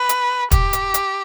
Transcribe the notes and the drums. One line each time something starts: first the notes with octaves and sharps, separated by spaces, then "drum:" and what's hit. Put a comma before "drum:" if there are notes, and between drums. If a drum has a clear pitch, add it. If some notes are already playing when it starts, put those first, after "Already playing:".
Already playing: B4
drum: hi-hat
G4, drum: kick, hi-hat
drum: hi-hat
drum: hi-hat